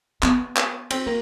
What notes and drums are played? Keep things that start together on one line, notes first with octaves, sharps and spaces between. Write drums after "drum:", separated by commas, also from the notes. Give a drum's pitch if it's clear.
B3, drum: clap
drum: clap
C4, drum: cymbal
A#3